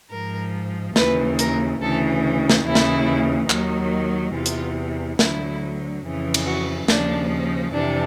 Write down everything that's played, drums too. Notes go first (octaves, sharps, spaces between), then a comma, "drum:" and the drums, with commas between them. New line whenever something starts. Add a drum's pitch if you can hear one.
G#2 F3 A#4
D#2 C#3 E3 B4, drum: snare
A#4, drum: hi-hat
D2 C#3 E3 A4
drum: snare
D#2 C#3 E3 E4
drum: snare
D#2 D#3 F#3, drum: clap
E2 C3 E3 F4
drum: hi-hat
D2 D3 F#3 E4, drum: snare
F2 C#3 E3
drum: cymbal
F#4
D#2 C#3 F3 D4, drum: snare
F2 C3 E3 D4